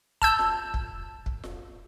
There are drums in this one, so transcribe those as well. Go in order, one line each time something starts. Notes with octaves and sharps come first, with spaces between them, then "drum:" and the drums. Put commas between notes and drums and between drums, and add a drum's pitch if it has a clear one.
A5 E6 G6, drum: kick
drum: snare F4
drum: kick
drum: kick
drum: snare F4